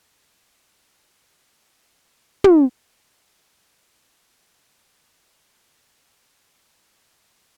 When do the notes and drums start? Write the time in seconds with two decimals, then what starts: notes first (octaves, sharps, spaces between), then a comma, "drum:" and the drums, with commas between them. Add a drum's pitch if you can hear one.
0.07 A2 A4
1.64 F5
2.44 drum: tom
3.08 B1 C4
3.76 E2
5.50 G2 D#3
5.86 B2 F3 G3
6.40 E5 G#5 A#5 D#6 F6
6.83 C5 D#5 E5 G#5 B5 C6